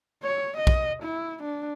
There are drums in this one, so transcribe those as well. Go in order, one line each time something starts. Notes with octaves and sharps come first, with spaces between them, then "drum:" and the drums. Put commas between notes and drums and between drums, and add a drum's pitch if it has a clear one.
C#5
D#5
drum: kick
E4
D4